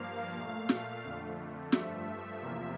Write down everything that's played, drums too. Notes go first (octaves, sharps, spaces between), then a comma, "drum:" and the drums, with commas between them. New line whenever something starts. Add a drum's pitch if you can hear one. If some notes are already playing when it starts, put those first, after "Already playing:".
Already playing: G2 F3 A#3 F5
A#2 A3
drum: snare
F2 D3 A3
G2 F3 A3 E5, drum: snare
E2 C3 F3 A#3